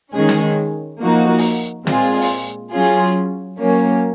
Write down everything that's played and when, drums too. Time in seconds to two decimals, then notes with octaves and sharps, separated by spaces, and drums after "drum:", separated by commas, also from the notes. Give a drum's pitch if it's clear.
0.14 D#3 G#3 C#4 G#4
0.29 drum: snare
1.01 F3 A#3 D#4 F#4
1.38 drum: open hi-hat
1.87 A#2 G#3 C4 F4 G#4, drum: snare
2.21 drum: open hi-hat
2.72 F#3 C#4 F4 G#4
3.58 F#3 A#3 C#4